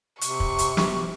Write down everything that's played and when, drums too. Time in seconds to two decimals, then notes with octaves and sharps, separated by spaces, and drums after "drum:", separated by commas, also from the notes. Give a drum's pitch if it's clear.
0.21 C3 C#6, drum: hi-hat
0.40 drum: kick
0.58 drum: hi-hat
0.77 drum: snare